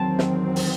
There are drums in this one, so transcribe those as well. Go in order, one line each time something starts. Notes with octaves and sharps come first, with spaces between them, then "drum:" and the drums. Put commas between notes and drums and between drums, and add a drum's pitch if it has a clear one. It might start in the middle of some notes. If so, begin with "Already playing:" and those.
Already playing: E2 D#3 F#3 C4 A5
drum: snare
drum: open hi-hat